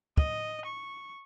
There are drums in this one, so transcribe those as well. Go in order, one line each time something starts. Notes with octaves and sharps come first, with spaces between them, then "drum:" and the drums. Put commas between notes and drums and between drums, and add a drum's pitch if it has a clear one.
D#5, drum: kick
C#6